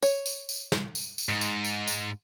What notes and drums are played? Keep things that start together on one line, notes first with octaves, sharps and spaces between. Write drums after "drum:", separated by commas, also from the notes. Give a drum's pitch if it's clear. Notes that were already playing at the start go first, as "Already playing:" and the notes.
C#5, drum: tambourine
drum: tambourine
drum: tambourine
drum: snare
drum: tambourine
drum: tambourine
G#2
drum: tambourine
drum: tambourine
drum: tambourine